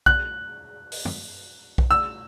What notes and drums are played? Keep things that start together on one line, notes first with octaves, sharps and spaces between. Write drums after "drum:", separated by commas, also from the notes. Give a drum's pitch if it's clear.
F#6, drum: kick B1
drum: open hi-hat
drum: tom
drum: kick B1
E6